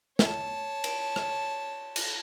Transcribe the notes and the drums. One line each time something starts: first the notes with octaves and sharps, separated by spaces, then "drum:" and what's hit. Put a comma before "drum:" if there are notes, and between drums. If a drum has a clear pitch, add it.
C#5 A5, drum: snare
drum: cymbal
drum: rim click
drum: cymbal